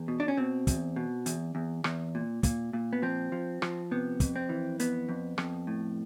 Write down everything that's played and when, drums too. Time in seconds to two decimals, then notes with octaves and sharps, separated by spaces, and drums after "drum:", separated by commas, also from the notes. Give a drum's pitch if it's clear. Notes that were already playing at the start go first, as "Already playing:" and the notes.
Already playing: E2
0.08 B2
0.20 D4
0.28 C#4
0.37 B2 C4
0.67 E2, drum: kick, hi-hat
0.96 B2
1.26 E2, drum: hi-hat
1.55 E2
1.84 E2, drum: rim click
2.15 A#2
2.43 A#2, drum: kick, hi-hat
2.73 A#2
2.93 B3
3.02 F3 C4
3.32 F3
3.62 F3, drum: rim click
3.91 C3 B3
4.20 F2, drum: kick, hi-hat
4.36 C4
4.49 E3
4.79 F2 B3, drum: hi-hat
5.09 F2
5.38 F2, drum: rim click
5.67 A2